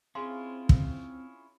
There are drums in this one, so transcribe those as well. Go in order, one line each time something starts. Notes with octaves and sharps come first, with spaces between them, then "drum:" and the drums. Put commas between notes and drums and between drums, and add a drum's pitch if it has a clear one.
C4 C#4 E4 F4 G#4 F5 C6
drum: kick